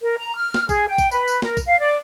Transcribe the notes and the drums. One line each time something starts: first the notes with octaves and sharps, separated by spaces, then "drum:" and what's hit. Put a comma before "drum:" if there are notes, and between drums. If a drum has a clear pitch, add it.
A#4
A#5
F6
drum: snare
G#4, drum: kick, tambourine
G5
drum: kick, tambourine
B4, drum: tambourine
drum: tambourine
A#4, drum: snare
drum: kick, tambourine
F5
D5